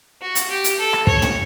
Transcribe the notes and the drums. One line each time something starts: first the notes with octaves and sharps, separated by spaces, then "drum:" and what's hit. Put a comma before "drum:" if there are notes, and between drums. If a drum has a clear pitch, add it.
F#4
drum: hi-hat
G4
drum: hi-hat
A4
drum: rim click
C#5, drum: kick
drum: tom